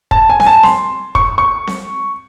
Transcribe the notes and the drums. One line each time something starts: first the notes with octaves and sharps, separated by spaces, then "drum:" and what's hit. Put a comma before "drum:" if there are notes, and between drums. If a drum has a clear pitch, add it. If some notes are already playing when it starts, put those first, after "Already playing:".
A5, drum: kick
G#5
G#5, drum: snare C4
A5
C6, drum: snare C4
C#6, drum: kick
C#6
drum: snare C4